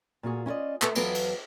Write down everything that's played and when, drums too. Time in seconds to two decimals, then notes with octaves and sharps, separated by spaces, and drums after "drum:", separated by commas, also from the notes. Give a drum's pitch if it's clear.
0.23 A#2 F4 F#4 G#4
0.46 C#4 E4 F4 D5 D#5
0.82 B3 A4 B4 E5, drum: clap
0.95 E2 F#3 B3 F4 A4 F5, drum: cymbal
1.15 drum: cymbal